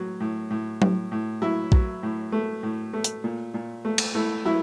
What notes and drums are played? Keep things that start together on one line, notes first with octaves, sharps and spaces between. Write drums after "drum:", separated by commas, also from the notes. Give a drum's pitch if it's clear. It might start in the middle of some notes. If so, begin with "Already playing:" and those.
Already playing: A2 F#3
A2
A2
A2, drum: tom F#3
A2
F#3 E4
F#3, drum: kick
A2
A3
A2
A3
drum: hi-hat
A#2
A#2
A3
drum: cymbal
A3 E4
F#3 E4